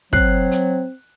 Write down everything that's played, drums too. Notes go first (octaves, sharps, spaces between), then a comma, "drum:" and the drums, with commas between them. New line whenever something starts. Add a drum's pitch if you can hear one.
F#3 C4 F#6 C7, drum: kick
drum: hi-hat